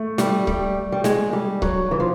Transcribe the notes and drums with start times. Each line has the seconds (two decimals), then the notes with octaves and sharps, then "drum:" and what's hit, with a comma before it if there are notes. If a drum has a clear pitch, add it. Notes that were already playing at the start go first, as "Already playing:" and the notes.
Already playing: A3
0.18 G3, drum: snare
0.47 G3, drum: kick C#1
0.92 G3
1.04 G#3, drum: snare
1.33 G3
1.62 F#3, drum: kick C#1
1.91 E3
2.00 F3